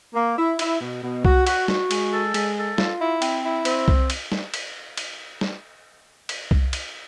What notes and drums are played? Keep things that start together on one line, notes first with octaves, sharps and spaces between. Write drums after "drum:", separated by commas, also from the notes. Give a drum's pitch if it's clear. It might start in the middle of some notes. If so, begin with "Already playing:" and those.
A#3
E4
E4, drum: cymbal
B2
B2
F#4, drum: kick C2
F#4, drum: cymbal
F#4, drum: snare
G#3, drum: cymbal
A4
G#3, drum: cymbal
A4
F4, drum: snare
E4
C4, drum: cymbal
E4
C4, drum: cymbal
drum: kick C2
drum: cymbal
drum: snare
drum: cymbal
drum: cymbal
drum: snare
drum: cymbal
drum: kick C2
drum: cymbal